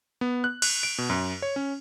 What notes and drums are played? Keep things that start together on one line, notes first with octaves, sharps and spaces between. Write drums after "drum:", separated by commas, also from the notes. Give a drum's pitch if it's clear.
B3
F#6
F#6, drum: cymbal
D7
B2
F#2
C#5
C#4